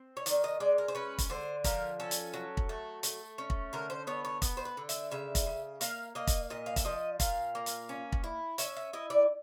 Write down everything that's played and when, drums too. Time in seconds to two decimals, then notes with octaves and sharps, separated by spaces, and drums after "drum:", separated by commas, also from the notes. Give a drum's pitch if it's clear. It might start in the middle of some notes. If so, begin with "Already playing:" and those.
Already playing: C4
0.17 C#5
0.26 D#3 D5, drum: hi-hat
0.44 D#5
0.60 G#3 D5
0.78 A#4
0.88 C5
0.95 C#4 B4
1.18 drum: kick, hi-hat
1.30 D3 C5
1.64 F3 A#4, drum: kick, hi-hat
2.00 C#4 A4
2.11 drum: hi-hat
2.34 F#3
2.57 drum: kick
2.69 A3
3.03 A3, drum: hi-hat
3.38 C#4
3.50 drum: kick
3.73 D3 A#4
3.90 C5
4.07 B3 C#5
4.25 C#5
4.42 B3, drum: kick, hi-hat
4.57 C5
4.65 B4
4.77 D3
4.89 E5, drum: hi-hat
5.11 C#3 E5
5.35 drum: kick, hi-hat
5.46 C#3
5.81 A#3 F5, drum: hi-hat
6.15 A#3 D#5
6.27 drum: kick, hi-hat
6.50 A#2 D#5
6.66 F5
6.76 E5, drum: kick, hi-hat
6.85 F3 D#5
7.20 A#2 F5, drum: kick, hi-hat
7.55 A#3
7.66 drum: hi-hat
7.89 C#4
8.12 drum: kick
8.24 E4
8.58 C#4 E5, drum: hi-hat
8.77 E5
8.93 E4 D#5
9.10 D5